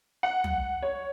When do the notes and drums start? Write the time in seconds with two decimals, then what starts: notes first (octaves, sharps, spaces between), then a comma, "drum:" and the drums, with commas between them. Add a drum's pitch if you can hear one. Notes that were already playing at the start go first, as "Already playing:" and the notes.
0.23 F#5
0.44 drum: tom
0.82 C#5